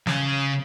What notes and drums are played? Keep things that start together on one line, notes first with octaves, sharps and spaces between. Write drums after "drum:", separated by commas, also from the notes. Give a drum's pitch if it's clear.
C#3, drum: snare